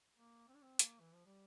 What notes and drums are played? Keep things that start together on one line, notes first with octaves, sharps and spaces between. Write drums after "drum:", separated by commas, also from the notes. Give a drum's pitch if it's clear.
A#3
C4
D4
C4
A#3, drum: hi-hat
E3
F3
G3